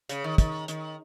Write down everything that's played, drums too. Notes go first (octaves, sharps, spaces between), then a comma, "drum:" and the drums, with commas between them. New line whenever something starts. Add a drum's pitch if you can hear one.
C#3, drum: hi-hat
D#3
D#3, drum: kick, hi-hat
D#3, drum: hi-hat